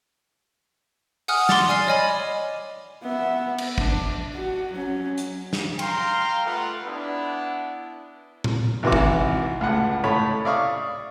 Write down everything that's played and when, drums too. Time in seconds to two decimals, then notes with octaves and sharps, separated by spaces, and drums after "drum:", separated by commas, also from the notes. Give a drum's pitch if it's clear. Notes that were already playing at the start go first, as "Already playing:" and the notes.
1.28 F#5 G#5 D#6 F6 F#6, drum: open hi-hat
1.49 C6 D6 A6, drum: snare
1.68 D5 G#5 F6 C7
1.87 C#5 D#5 G#5 B5
3.02 B3 E5
3.58 drum: cymbal
3.78 D4, drum: kick
4.35 F#4
4.71 F#3 C#4
5.18 drum: hi-hat
5.53 drum: snare
5.79 F5 G5 A#5 C6, drum: cymbal
6.45 G3 A3 F4 B4 F5 F#5
6.86 B3 D4 E4
8.44 drum: tom A2
8.83 G#1 C3 E3 B3 F#4 D6
8.92 drum: kick
9.61 C#2 A2 F#5
10.04 A2 A3 C#5 B5
10.45 D5 E5 F5 C#6 D#6